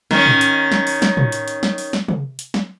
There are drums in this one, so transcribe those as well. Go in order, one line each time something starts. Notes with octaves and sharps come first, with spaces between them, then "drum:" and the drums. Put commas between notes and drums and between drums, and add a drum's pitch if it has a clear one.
D#3 C#4, drum: snare
drum: tom
drum: hi-hat
drum: snare
drum: open hi-hat
drum: snare
drum: tom
drum: hi-hat
drum: hi-hat
drum: snare
drum: open hi-hat
drum: snare
drum: tom
drum: hi-hat
drum: snare